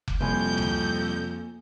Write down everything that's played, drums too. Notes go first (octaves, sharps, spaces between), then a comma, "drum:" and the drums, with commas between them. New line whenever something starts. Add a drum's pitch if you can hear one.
drum: kick F1
C2 F2 A#3 G#5 G6
drum: tom C2